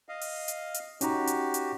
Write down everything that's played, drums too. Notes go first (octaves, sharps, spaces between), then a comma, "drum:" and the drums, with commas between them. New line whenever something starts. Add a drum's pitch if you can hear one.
D#5 F5
drum: open hi-hat
drum: hi-hat
drum: hi-hat
C#4 D#4 F#4 G4 A#5, drum: hi-hat
drum: hi-hat
drum: hi-hat